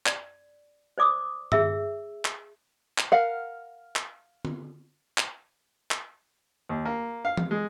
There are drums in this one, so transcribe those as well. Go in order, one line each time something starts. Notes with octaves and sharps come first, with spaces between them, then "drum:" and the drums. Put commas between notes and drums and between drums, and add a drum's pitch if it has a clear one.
D5, drum: clap
C5 D5 D6 D#6
G#4 E5 E6, drum: tom G2
drum: clap
drum: clap
A#4 F5 F#5
drum: clap
drum: tom
drum: clap
drum: clap
D#2
A#3
F5
drum: tom E3
G#3